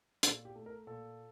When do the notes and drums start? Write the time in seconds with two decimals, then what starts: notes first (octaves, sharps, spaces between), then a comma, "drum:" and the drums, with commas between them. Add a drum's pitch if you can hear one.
0.23 A#2 A4, drum: hi-hat
0.45 G4
0.56 A3
0.66 A#4
0.87 A#2 A4